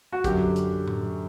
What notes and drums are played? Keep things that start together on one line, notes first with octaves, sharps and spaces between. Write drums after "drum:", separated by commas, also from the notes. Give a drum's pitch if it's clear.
F#4
F#2 D3 F#3 G4, drum: kick, hi-hat
drum: hi-hat
drum: tom A2